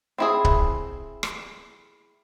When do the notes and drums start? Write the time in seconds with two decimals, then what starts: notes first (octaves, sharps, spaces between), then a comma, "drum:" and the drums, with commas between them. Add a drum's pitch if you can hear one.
0.18 C4 E4 G#4
0.45 drum: kick C#1
1.23 drum: rim click